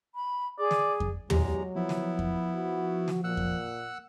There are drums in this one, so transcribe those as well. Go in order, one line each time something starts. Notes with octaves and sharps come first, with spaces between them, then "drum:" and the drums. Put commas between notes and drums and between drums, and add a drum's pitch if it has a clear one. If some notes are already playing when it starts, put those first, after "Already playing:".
B5
G#4 D5
drum: snare
drum: kick F2
E2 F#3 G#3 G4 A#5, drum: tom
F3 B3 E4
drum: snare
drum: kick F2
F#4
drum: snare
A#2 F#5 E6 F#6
drum: kick F2